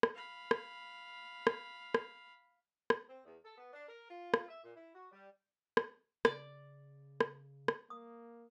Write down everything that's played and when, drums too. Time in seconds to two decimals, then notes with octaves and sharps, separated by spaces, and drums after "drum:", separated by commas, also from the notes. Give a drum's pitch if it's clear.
0.03 drum: rim click
0.15 F5 B5
0.51 drum: rim click
1.47 drum: rim click
1.95 drum: rim click
2.90 drum: rim click
3.09 C4
3.25 E2
3.45 A4
3.58 B3
3.73 D4
3.88 A#4
4.10 F4
4.34 drum: rim click
4.48 E5
4.63 A#2
4.75 E4
4.94 F#4
5.12 G3
5.77 drum: rim click
6.25 C#3 D5, drum: rim click
7.21 drum: rim click
7.68 drum: rim click
7.90 A#3 D#6